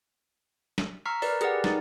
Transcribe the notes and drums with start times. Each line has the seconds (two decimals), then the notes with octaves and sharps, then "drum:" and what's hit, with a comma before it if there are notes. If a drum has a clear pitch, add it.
0.78 drum: snare
1.05 A#5 C#6 E6 F6 B6 C7
1.22 A#4 B4 D5, drum: open hi-hat
1.41 G4 G#4 A#4 B4 D5 F#5, drum: hi-hat
1.64 D#4, drum: snare